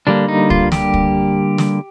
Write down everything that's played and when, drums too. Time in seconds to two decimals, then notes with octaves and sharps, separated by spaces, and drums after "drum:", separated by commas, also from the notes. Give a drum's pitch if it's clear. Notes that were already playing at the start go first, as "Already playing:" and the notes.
0.07 D3 G3 A#3 D4
0.28 D#4
0.50 F4, drum: kick
0.72 G4, drum: snare
0.94 drum: kick
1.58 drum: snare